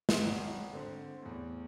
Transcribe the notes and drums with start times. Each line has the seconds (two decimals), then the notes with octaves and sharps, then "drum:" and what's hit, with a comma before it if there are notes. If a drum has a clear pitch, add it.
0.09 drum: snare
0.21 G#1
0.73 D3 C4
1.22 E2 A2